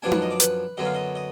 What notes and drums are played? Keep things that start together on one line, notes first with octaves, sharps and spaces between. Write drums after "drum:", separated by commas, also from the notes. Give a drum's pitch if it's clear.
F#2 F3 B3 D4 G#5
F#5, drum: tom D#4
D#5
D5
B4, drum: hi-hat
F#2 D3 F#3 B3 D#5
F5
D#5
D#5